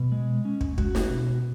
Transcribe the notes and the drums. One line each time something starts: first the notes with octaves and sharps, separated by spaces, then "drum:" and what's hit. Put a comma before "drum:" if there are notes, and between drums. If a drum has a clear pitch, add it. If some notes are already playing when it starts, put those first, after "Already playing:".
Already playing: B2
G#3
C#4
drum: kick
F#4, drum: kick
drum: snare
B2